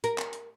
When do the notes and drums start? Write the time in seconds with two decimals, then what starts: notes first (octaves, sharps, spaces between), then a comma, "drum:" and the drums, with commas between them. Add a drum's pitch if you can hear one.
0.04 A#4, drum: hi-hat
0.18 drum: clap
0.33 drum: hi-hat